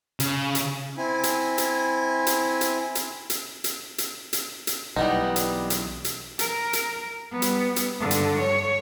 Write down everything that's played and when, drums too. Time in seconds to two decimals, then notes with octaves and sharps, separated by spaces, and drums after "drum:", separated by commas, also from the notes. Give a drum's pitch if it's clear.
0.20 C#3, drum: hi-hat
0.55 drum: hi-hat
0.98 C4 E4 G#5
1.23 drum: hi-hat
1.58 drum: hi-hat
2.27 drum: hi-hat
2.61 drum: hi-hat
2.95 drum: hi-hat
3.30 drum: hi-hat
3.64 drum: hi-hat
3.98 drum: hi-hat
4.33 drum: hi-hat
4.67 drum: hi-hat
4.96 B1 E3 G3 B3 D#4
5.36 drum: hi-hat
5.70 drum: hi-hat
6.04 drum: hi-hat
6.39 A#4, drum: hi-hat
6.73 drum: hi-hat
7.32 G3 B3
7.42 drum: hi-hat
7.76 drum: hi-hat
8.00 G2 D3
8.11 drum: hi-hat
8.39 C#5